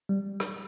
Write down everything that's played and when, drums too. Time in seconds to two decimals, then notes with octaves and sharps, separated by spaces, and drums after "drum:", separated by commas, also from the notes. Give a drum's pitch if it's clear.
0.09 G3
0.40 drum: rim click